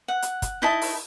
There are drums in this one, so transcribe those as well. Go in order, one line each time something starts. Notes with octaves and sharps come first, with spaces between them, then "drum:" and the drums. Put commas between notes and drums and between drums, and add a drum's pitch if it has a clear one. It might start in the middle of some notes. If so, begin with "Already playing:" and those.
F#5
drum: hi-hat
drum: kick, hi-hat
D#4 E4 D#5 A5
drum: open hi-hat